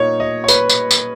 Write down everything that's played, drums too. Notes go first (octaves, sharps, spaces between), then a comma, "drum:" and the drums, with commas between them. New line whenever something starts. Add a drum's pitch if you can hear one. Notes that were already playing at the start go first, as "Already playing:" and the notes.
Already playing: A#2 A#3 D#4 C#5
D#5
C#5
B4, drum: tambourine
drum: tambourine
drum: tambourine